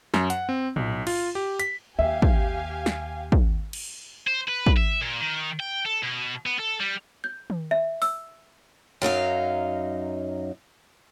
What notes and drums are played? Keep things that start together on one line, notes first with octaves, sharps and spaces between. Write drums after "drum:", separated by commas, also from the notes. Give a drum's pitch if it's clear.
F#2, drum: snare
F#5, drum: hi-hat
C4
B1, drum: tom A2
F4, drum: cymbal
G4
B6, drum: hi-hat
D#2 G4 E5 F5 G#5
drum: kick
drum: snare
drum: kick
drum: cymbal
C5
B4
drum: kick
E5
A#2
D#3
G5
A4
B2
B3
A4
G3
G6
drum: tom D#3
E5
E6, drum: open hi-hat
F#2 F#3 D#4 F5